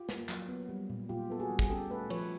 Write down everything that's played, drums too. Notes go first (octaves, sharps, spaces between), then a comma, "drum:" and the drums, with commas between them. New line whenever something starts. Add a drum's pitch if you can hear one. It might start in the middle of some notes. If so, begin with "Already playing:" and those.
Already playing: F4 G4
A#3, drum: snare
F#3, drum: clap
B3
G3
A#2
A#2 F4 G4
B3 A4
F#4 G#4
G3
G#4, drum: kick
C#4 G4 A4
A3 A4 B4
F3 B4 C#5, drum: cymbal